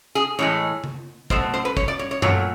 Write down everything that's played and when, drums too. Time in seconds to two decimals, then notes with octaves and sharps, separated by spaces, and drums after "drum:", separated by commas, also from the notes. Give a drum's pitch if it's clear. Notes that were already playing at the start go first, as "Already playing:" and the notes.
0.15 G#4
0.39 A2 E3 G#3 C#5
0.84 drum: tom C#3
1.30 B2 F#3 A3 C5, drum: kick
1.54 C5
1.65 B4
1.77 C#5, drum: kick
1.88 D5
1.99 C#5
2.11 C#5
2.22 A#2 F#3 A3 C#5, drum: tom F#2